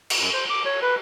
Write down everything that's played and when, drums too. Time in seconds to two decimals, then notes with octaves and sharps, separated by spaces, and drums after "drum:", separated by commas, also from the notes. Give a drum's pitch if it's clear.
0.10 drum: cymbal
0.20 F#2
0.33 C5
0.50 D6
0.65 C#5
0.82 B4